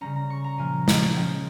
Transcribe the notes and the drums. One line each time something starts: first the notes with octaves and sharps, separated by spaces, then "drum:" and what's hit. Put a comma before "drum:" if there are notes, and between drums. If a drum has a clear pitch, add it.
C#3 G3 C#4 A#5
A#5
C#6
A#5
A#2 F3 A#3 G#5
drum: snare
F3 G#3 C#4 G5